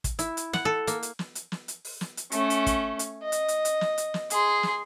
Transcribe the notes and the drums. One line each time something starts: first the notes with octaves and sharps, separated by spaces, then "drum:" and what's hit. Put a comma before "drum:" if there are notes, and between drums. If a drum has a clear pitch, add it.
drum: kick, hi-hat
E4, drum: hi-hat
drum: hi-hat
F#5, drum: snare
A4
A#3, drum: hi-hat
drum: hi-hat
drum: snare
drum: hi-hat
drum: snare
drum: hi-hat
drum: open hi-hat
drum: snare
drum: hi-hat
A3 C#4, drum: hi-hat
drum: hi-hat
drum: kick, hi-hat
drum: hi-hat
D#5
drum: hi-hat
drum: hi-hat
drum: hi-hat
drum: snare
drum: hi-hat
drum: snare
G#4 C6, drum: hi-hat
drum: snare